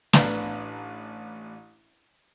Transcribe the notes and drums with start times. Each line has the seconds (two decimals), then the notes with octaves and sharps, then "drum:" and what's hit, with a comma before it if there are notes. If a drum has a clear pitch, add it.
0.13 A1 A2 D4 B4 F5 A#5, drum: snare